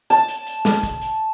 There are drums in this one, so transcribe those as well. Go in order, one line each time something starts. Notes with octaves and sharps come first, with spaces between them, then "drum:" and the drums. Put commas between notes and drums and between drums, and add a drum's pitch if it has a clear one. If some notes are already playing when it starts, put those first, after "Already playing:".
A5, drum: hi-hat
drum: hi-hat
drum: hi-hat
drum: snare
drum: kick, hi-hat
drum: hi-hat